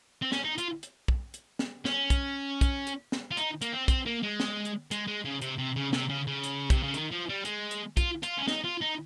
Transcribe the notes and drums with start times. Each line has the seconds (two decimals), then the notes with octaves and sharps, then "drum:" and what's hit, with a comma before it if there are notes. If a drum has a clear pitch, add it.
0.22 C4
0.32 C#4, drum: snare
0.45 D#4
0.58 F4, drum: hi-hat
0.83 drum: hi-hat
1.08 drum: kick
1.34 drum: hi-hat
1.59 drum: snare
1.85 C#4, drum: snare
2.10 drum: kick, hi-hat
2.61 drum: kick, hi-hat
2.87 drum: hi-hat
3.12 drum: snare
3.31 F4
3.37 D#4, drum: hi-hat
3.62 A#3, drum: hi-hat
3.72 C4
3.88 C4, drum: kick, hi-hat
4.06 A#3
4.23 G#3
4.40 drum: snare
4.65 drum: hi-hat
4.91 G#3, drum: hi-hat
5.07 G#3
5.25 C#3
5.41 C3, drum: hi-hat
5.58 C3
5.76 C#3
5.93 C3, drum: snare
6.09 C#3
6.27 C#3
6.44 drum: hi-hat
6.70 C3, drum: kick, hi-hat
6.83 C#3
6.94 D#3, drum: hi-hat
7.11 F3
7.29 G3
7.45 G#3, drum: hi-hat
7.71 drum: hi-hat
7.97 F4, drum: kick, hi-hat
8.23 F4, drum: hi-hat
8.38 C#4
8.48 D#4, drum: snare
8.64 F4
8.81 D#4